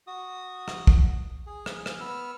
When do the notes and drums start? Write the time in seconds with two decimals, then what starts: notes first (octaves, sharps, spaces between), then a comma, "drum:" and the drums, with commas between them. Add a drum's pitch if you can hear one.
0.07 F#4 D#6
0.68 drum: rim click
0.87 drum: kick
1.47 G#4
1.66 drum: rim click
1.86 drum: rim click
2.00 B3 E6 F6